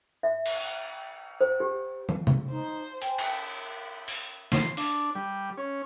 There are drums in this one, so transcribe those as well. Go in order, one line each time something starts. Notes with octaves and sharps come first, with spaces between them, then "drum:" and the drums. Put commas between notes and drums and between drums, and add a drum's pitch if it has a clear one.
E5
drum: cymbal
C5
G4
drum: tom
drum: tom
D#4 C5
G5 G#5, drum: hi-hat
drum: cymbal
drum: open hi-hat
C6, drum: snare
D4, drum: open hi-hat
G3
C#4